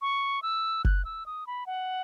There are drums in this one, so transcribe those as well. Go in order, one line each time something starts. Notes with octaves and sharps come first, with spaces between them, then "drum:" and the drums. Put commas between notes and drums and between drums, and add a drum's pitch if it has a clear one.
C#6
E6
F#6, drum: kick F#1
E6
D#6
B5
F#5